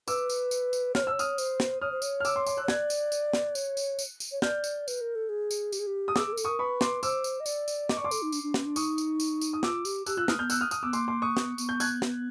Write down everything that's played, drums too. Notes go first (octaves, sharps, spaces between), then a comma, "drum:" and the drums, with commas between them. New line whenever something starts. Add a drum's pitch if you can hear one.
B4 D6 E6, drum: tambourine
drum: tambourine
drum: tambourine
drum: tambourine
C#5 F6, drum: snare
C5
E6
C#5
D#6 F6, drum: tambourine
C5, drum: tambourine
drum: snare
C#5 D#6 F6
C5
C#5, drum: tambourine
F6
D6 E6, drum: tambourine
C6 D6
C6 D6, drum: tambourine
E6 F#6
C#5
D5 F#6 G#6, drum: snare
drum: tambourine
drum: tambourine
drum: snare
C#5, drum: tambourine
drum: tambourine
drum: tambourine
drum: tambourine
C#5
D5 F6 G6, drum: snare
drum: tambourine
B4, drum: tambourine
A#4
A4
G#4
drum: tambourine
G4, drum: tambourine
G#4
G4
D#6
G#4 D6 E6, drum: snare
G#4
A#4
A4, drum: tambourine
A#4 C#6 D#6
B4 B5 C#6
C6 D6, drum: snare
C5 D6 E6, drum: tambourine
drum: tambourine
D#5
D5, drum: tambourine
drum: tambourine
D#5 D6, drum: snare
C#6
D5 C6 D6
A4, drum: tambourine
D#4
D4, drum: tambourine
D4
C#4, drum: snare
D4
D#4 C#6 D#6, drum: tambourine
drum: tambourine
drum: tambourine
drum: tambourine
D#6
F4 D6 E6, drum: snare
G4, drum: tambourine
G4 E6 F#6, drum: tambourine
F4 E6 F#6
E4 D#6 F6, drum: snare
A#3
B3 F6 G6
E6 F#6, drum: tambourine
D#6 F6
D#6 F6, drum: tambourine
B3 D6 E6
A#3 C6 D6, drum: tambourine
C6 D6
C#6 D#6
B3, drum: snare
B3, drum: tambourine
G6
F#6 G#6, drum: tambourine
drum: snare